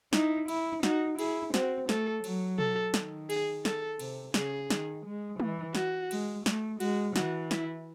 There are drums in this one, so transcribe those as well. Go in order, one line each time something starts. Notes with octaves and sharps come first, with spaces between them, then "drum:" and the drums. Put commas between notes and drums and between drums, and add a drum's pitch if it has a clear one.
D#4 E4, drum: snare
E4, drum: cymbal
D#4 F#4, drum: snare
E4 G#4, drum: cymbal
C4 F#4, drum: snare
A3 A4, drum: snare
F#3, drum: cymbal
A4, drum: tom B2
D#3, drum: snare
G#4, drum: cymbal
A4, drum: snare
C3, drum: cymbal
C#3 G#4, drum: snare
D#3, drum: snare
G#3
E3, drum: tom
F#4, drum: snare
G#3, drum: cymbal
A3, drum: snare
G#3 F#4, drum: cymbal
E3 F#4, drum: snare
E4, drum: snare